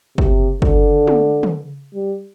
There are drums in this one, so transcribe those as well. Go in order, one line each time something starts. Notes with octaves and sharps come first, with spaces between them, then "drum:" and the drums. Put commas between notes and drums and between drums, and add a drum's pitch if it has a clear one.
C3, drum: kick
D3, drum: kick
drum: tom
drum: tom
G3